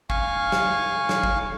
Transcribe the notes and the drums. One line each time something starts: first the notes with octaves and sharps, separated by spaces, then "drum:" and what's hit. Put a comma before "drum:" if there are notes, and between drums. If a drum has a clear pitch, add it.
F5 G#5 C#6, drum: kick
drum: snare
drum: snare
drum: kick